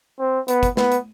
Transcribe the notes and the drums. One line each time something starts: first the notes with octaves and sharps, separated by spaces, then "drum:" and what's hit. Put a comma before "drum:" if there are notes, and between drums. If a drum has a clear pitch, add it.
C4
B3, drum: hi-hat
drum: kick, hi-hat
B3, drum: snare
drum: hi-hat